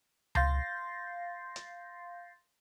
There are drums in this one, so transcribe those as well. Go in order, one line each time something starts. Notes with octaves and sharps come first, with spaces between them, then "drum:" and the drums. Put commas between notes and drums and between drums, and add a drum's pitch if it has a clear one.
F5 C6 G6 A6 A#6 C7, drum: tom C#2
drum: hi-hat